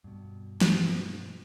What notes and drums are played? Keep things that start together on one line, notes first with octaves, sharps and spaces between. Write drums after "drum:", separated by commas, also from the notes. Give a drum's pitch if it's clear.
G2 B2
drum: snare